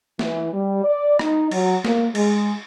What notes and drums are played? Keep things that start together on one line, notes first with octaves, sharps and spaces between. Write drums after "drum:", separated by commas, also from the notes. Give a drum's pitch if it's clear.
E3, drum: snare
G3
D5
D#4, drum: rim click
F#3, drum: cymbal
A#3, drum: snare
G#3, drum: cymbal